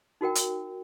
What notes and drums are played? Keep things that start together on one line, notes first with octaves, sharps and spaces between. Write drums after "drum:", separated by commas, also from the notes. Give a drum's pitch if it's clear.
D#4 F#4 A#4 G5
drum: hi-hat